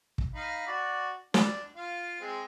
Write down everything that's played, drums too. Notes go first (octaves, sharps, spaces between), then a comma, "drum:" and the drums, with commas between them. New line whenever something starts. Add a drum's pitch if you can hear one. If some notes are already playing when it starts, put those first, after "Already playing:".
drum: kick
D#4 F5 B5
F#4 D5
D4, drum: snare
F4 F5
G#3 C4